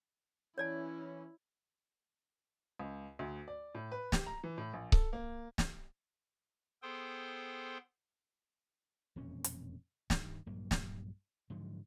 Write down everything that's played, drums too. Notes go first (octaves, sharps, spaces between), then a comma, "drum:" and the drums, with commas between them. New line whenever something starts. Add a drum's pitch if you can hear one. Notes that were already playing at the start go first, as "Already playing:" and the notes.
E3 C#4 E4 C#5 D5 A5
C#2
D2
D5
A2
B4
G4, drum: snare
A#5
E3
A2
A#1
A4, drum: kick C#1
A#3
drum: snare
B3 G#4 A4 C5 G5 C6
E1 F2 A#2 C#4
drum: hi-hat
G2 D#3, drum: snare
A#1 G2 F#3 A#3
drum: snare
G#2 D3 F3 F#3